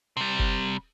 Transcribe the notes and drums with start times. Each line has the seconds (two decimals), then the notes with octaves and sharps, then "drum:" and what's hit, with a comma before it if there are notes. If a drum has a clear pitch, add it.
0.17 C3 G3
0.39 drum: kick